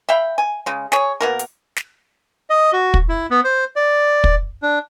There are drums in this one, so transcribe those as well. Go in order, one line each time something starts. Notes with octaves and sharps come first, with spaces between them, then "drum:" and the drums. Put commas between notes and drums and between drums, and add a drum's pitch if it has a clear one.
E5 F5 G5 B5
G#5
C#3 G#3
G#4 C#5, drum: snare
B2 A#3 A#4
drum: hi-hat
drum: snare
D#5
F#4
drum: kick
E4
B3
C5
D5
drum: kick
D4